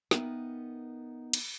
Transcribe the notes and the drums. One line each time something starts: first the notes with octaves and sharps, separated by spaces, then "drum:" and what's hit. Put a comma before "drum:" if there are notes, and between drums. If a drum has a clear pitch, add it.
B3 D#4 A#4 E5 G5, drum: snare
drum: cymbal